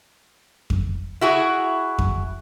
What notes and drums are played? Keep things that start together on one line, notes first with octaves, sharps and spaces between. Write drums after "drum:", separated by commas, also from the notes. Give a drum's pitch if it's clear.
drum: kick F2
E4 F#4 G#4
drum: kick F2